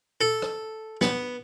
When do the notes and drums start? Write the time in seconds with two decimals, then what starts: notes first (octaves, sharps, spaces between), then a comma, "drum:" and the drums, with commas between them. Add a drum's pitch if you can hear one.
0.21 A4
0.42 drum: rim click
1.01 B3, drum: snare